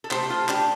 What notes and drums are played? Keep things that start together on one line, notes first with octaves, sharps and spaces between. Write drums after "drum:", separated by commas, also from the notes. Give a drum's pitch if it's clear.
A4
C3 A3 G4 C5, drum: clap
C5
F4 A4
D4 G4, drum: clap